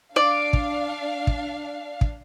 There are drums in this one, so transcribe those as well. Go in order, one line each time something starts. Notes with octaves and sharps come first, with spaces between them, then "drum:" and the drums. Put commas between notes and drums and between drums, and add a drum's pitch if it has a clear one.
D4 D5 F5
drum: kick
drum: kick
drum: kick